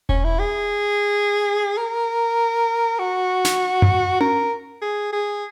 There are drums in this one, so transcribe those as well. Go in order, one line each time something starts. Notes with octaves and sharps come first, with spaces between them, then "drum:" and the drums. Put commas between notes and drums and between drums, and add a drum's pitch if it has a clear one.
C#4, drum: kick E1
E4
G#4
A#4
F#4
drum: snare
drum: tom F#2
A#4, drum: tom C#4
G#4
G#4